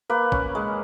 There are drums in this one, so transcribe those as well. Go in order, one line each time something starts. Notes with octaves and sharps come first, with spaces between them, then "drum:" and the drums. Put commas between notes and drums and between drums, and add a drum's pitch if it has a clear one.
A#3 B4
C#4, drum: kick
G#3